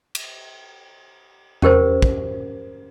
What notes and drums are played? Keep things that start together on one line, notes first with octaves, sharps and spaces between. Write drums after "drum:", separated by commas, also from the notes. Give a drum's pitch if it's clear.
drum: cymbal
C#4 G4 A#4 C5, drum: tom E2
drum: kick